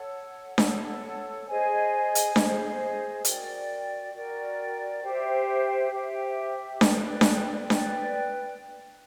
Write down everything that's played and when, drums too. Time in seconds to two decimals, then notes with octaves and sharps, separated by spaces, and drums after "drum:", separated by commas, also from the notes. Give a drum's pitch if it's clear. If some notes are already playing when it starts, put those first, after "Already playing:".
Already playing: A4 C#5 F#5
0.58 A4 C#5 F#5, drum: snare D4
1.47 G#4 C5 D#5 G#5
2.15 drum: hi-hat
2.36 G#4 C5 D#5 G#5, drum: snare D4
3.25 F#4 A#4 D5 G5, drum: hi-hat
4.14 F#4 A#4 D5 G5
5.03 G4 C5 E5 G5
5.92 G4 C5 E5 G5
6.81 B4 D5 G5, drum: snare D4
7.21 drum: snare D4
7.70 B4 D5 G5, drum: snare D4